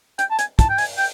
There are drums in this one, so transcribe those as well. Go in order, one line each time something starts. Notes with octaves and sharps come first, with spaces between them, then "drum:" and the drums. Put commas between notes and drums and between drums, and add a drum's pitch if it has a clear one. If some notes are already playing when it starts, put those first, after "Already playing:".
G5, drum: hi-hat
A5
G#5, drum: hi-hat
A5, drum: kick, hi-hat
G5
G#5, drum: open hi-hat
G5, drum: open hi-hat